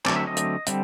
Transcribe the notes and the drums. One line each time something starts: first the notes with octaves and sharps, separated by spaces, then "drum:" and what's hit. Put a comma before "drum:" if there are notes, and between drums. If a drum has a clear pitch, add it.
D3 F#3 A3 C4 D5, drum: clap
E5
D#5
drum: hi-hat
D3 G3 C4, drum: hi-hat